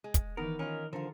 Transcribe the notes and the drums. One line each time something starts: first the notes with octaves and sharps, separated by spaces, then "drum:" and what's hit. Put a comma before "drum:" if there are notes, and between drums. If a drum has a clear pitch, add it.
G#3
drum: kick, hi-hat
D#3 E3 B3 D#4 A#4
C#4 F4 A#4 D#5
D3 F3 A4 A#4 F5